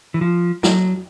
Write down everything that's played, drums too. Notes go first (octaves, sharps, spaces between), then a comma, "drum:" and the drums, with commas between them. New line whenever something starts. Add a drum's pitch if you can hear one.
E3
F3
F#3, drum: snare